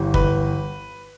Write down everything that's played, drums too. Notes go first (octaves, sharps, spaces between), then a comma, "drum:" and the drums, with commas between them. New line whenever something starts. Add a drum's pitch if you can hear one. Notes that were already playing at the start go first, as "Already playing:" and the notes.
Already playing: G1 G2 E3
B4, drum: kick